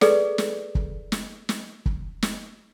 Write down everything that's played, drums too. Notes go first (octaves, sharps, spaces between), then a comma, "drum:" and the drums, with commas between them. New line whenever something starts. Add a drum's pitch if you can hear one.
G#4 A4 B4 D5, drum: snare
drum: snare
drum: kick
drum: snare
drum: snare
drum: kick
drum: snare